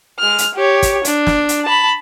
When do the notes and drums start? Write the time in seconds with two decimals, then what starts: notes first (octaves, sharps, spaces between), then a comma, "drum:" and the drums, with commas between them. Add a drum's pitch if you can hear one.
0.19 G#3 F6
0.38 drum: hi-hat
0.55 G4 C#5
0.83 drum: kick, hi-hat
1.05 D4, drum: hi-hat
1.27 drum: snare
1.49 drum: hi-hat
1.65 A5 B5